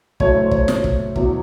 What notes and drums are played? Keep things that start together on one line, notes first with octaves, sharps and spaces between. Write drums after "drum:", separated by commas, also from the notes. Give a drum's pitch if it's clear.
A2 F#3 A3 C#5, drum: kick
C5
C#5, drum: kick
C#5, drum: snare
drum: kick
E2 B2 F#3, drum: kick